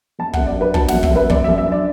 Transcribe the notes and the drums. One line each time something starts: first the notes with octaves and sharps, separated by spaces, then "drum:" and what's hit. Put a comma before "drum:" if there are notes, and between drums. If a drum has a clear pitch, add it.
F#2 A5
F#5, drum: kick
F#2
D5
D4 B4
F#3 A5, drum: kick
F#5, drum: snare
F#2
E5, drum: kick
F#2 B4
F#2 D5, drum: kick
E5
F#2
E5
D4 D5